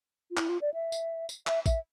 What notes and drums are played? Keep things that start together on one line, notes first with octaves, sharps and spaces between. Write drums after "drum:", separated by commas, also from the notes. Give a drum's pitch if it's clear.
F4
E4, drum: clap
F4
D5
E5
drum: tambourine
drum: tambourine
E5, drum: clap
E5, drum: kick A1, tambourine